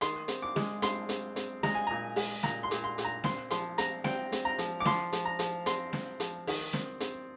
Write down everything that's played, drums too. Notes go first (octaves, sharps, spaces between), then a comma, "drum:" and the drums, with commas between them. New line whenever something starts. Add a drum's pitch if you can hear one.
D#3 C6, drum: hi-hat
C4, drum: hi-hat
D6
G#3, drum: snare
C4 C6, drum: hi-hat
C4, drum: hi-hat
C4, drum: hi-hat
G#3 A#5, drum: snare
G#5
A#2 A#5
G#3, drum: open hi-hat
A#2 A#5, drum: snare
C6
A#2, drum: hi-hat
C6
A#2, drum: hi-hat
A#5
C4 C6, drum: snare
F3 C6, drum: hi-hat
C4 A#5, drum: hi-hat
C4 G5, drum: snare
C4, drum: hi-hat
A#5
F3, drum: hi-hat
D6
F3 C6, drum: snare
F3, drum: hi-hat
A#5
F3, drum: hi-hat
C4 C6, drum: hi-hat
C4, drum: snare
F3, drum: hi-hat
D#3, drum: open hi-hat
C4, drum: snare
C4, drum: hi-hat